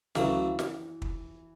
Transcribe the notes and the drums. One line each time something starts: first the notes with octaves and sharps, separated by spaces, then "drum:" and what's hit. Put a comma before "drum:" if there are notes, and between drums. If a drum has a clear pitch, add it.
D2 C#3 E3 F#3 A3, drum: snare
drum: snare
drum: kick